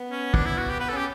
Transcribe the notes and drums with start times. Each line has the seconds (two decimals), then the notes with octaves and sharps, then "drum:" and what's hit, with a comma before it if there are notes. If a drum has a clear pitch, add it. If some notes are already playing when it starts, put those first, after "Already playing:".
Already playing: B3
0.11 C#4
0.34 D4, drum: kick
0.46 E4
0.58 F#4
0.69 G4
0.80 B3 B4
0.89 C#4 A4
0.97 G4